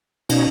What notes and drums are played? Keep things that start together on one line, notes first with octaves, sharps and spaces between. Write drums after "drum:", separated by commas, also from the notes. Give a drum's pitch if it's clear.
B2 C#4 D#4, drum: cymbal